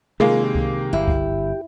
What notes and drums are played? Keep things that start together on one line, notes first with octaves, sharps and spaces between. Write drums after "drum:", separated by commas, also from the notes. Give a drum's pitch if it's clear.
C3 D#3 G#3 A#3 F4 G#4
G4
drum: kick C2
G1 E4
drum: kick C2